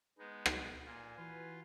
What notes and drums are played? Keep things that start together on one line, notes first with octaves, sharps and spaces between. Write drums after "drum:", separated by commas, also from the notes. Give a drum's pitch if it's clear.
G#3 B3 D#4
drum: rim click
A#2 F4 G#5
E3 F4 F#4 B4